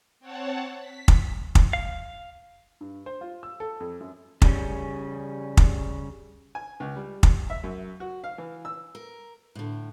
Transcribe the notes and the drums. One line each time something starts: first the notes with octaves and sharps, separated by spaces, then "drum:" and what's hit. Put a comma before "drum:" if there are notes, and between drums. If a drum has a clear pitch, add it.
C4 C#5 F#5 A5
B6
drum: kick
drum: kick
F5
G2
C5
F4
E6
A4
F2
F#2
C#3 G3 C#4, drum: kick
drum: kick
G#5
C#2
G3
drum: kick
E5
F#2
F#4
F5
E3
E6
A#4
A2 D3